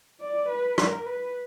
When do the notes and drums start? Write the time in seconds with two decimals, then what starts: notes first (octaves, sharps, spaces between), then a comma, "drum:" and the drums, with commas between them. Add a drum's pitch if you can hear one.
0.21 D5
0.49 B4
0.78 A#4, drum: rim click
1.06 B4